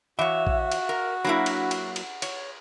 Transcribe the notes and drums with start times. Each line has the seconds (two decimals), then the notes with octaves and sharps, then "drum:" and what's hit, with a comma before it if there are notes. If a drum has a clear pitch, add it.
0.19 E3 F#4 C#5 E5 F5
0.47 drum: kick A#1
0.72 drum: cymbal
0.89 A#4
1.25 F#3 A#3 D4 E4 B5 A#6
1.46 drum: cymbal
1.71 F#5, drum: cymbal
1.96 drum: cymbal
2.22 C#5, drum: cymbal